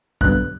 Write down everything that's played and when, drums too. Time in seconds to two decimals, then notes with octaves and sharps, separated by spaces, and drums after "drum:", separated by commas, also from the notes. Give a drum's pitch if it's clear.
0.21 G2 D3 F#3 B3 F#6, drum: kick